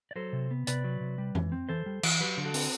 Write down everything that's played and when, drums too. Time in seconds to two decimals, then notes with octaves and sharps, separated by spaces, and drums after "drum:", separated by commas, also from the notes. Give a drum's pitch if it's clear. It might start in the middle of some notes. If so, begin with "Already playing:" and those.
0.11 D5
0.16 F#3 A4 C5
0.33 C3
0.51 B3
0.67 C3 B4 D5, drum: hi-hat
0.84 F#3
1.01 C3
1.18 G3
1.35 E3, drum: tom F2
1.52 C4
1.69 E3 A4 C5
1.86 G3
2.03 E3, drum: cymbal
2.20 F#3 G4 B4
2.37 D3
2.45 F#4 A4
2.54 C4, drum: open hi-hat